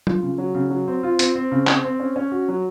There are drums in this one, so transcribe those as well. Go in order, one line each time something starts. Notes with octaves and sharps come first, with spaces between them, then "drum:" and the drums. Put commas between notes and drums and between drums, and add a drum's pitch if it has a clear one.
F4, drum: tom
C#3
F#3
C#3
F#3
C4
F4
C4, drum: hi-hat
C4
C#3
C4, drum: clap
C4
C#4
C#4
F#4
F#3